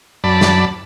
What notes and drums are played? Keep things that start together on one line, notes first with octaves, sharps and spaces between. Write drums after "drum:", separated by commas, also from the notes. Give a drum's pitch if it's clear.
F#2 D5 A5 B5
drum: snare